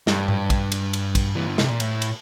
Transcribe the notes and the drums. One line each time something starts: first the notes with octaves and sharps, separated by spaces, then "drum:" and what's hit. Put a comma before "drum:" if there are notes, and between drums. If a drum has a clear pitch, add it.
G2, drum: snare
drum: tom G#2
drum: kick, cymbal
drum: cymbal
drum: cymbal
drum: kick, cymbal
E3
D3
C3, drum: snare
A#2
A2, drum: cymbal
drum: cymbal